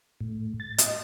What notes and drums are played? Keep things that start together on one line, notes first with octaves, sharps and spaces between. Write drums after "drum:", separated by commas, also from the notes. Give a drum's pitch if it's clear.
A2
A6
D#5, drum: hi-hat